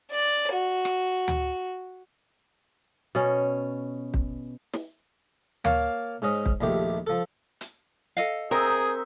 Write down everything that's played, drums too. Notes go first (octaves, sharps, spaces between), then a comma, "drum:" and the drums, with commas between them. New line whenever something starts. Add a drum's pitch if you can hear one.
D5
F#4
drum: rim click
drum: tom D2
B2 C#4
drum: kick
drum: snare
A#3 C#5 F5 A5, drum: tom D2
G#2 C#4 D#5
drum: kick
A#1 D#2 A3 G4
F3 A4
drum: hi-hat
A4 D#5 F5
C4 D#4 G#4 A#4 E5